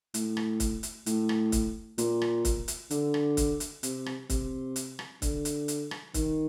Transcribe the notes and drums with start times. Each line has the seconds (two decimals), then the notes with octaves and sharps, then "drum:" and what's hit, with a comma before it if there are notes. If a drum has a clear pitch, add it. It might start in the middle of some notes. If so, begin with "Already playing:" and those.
0.14 A2, drum: hi-hat
0.37 drum: rim click
0.60 drum: kick, hi-hat
0.83 drum: hi-hat
1.06 A2, drum: hi-hat
1.29 drum: rim click
1.52 drum: kick, hi-hat
1.98 A#2, drum: hi-hat
2.22 drum: rim click
2.45 drum: kick, hi-hat
2.68 drum: hi-hat
2.90 D3, drum: hi-hat
3.14 drum: rim click
3.37 drum: kick, hi-hat
3.60 drum: hi-hat
3.83 C3, drum: hi-hat
4.06 drum: rim click
4.30 C3, drum: kick, hi-hat
4.76 drum: hi-hat
4.99 drum: rim click
5.22 D3, drum: kick, hi-hat
5.45 drum: hi-hat
5.68 drum: hi-hat
5.91 drum: rim click
6.14 D#3, drum: kick, hi-hat